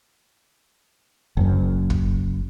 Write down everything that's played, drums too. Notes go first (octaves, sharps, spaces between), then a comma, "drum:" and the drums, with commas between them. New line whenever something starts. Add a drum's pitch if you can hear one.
F#1 F#2
drum: kick